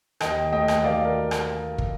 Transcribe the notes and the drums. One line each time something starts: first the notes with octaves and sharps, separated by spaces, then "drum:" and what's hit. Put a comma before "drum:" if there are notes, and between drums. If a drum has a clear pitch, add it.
D#2 D#5 G5, drum: rim click
A3 D#5 G5
drum: rim click
D#3 D5 F5
A#4
drum: rim click
drum: kick